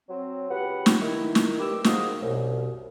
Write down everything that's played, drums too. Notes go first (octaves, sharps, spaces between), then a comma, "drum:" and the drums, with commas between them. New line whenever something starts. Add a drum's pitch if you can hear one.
F#3 C4
C#2 G4 B4 F#5
drum: snare
D#3 E4
drum: snare
G2 G4 D6 E6
C4 D#4 F4 F#4 G#4 A#4, drum: snare
C2 F#2 B2